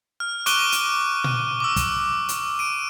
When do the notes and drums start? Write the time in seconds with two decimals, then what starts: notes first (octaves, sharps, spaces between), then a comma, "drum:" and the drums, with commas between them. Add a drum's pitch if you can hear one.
0.20 F6
0.46 C#6 D6 F#6 D7 D#7 G7, drum: hi-hat
0.72 drum: hi-hat
1.24 drum: tom A#2
1.60 D6 E6
1.76 drum: kick, hi-hat
2.29 drum: hi-hat
2.59 D7 D#7